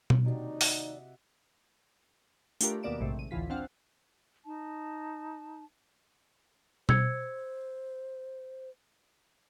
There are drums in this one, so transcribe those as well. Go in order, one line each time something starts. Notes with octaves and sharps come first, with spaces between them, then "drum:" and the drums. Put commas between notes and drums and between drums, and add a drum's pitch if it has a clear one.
drum: tom B2
D#2 C3 D4 D#4 F#4 G4
D#5 E5 F#5, drum: open hi-hat
A3 D4 F4 G4 A#4, drum: tambourine
D#2 B2 A#3 D5 D7 E7
A#1 G#2 C3 A3
G#1 D#7
A1 D2 E3 F4 B6
C4 D4 F5 F#5
D#4 A5
C5 E6 G#6 C#7, drum: tom B2